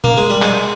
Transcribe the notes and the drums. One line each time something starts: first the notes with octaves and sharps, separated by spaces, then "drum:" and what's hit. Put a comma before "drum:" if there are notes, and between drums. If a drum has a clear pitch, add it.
A#3, drum: tom A#2
G#3
G3
G#3, drum: clap